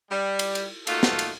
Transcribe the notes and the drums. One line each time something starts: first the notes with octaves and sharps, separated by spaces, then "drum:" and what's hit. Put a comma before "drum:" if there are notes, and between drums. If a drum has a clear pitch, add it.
G3
drum: cymbal
drum: cymbal
A3 A#3 D#4 F4 F#4 A4, drum: cymbal
drum: snare
drum: cymbal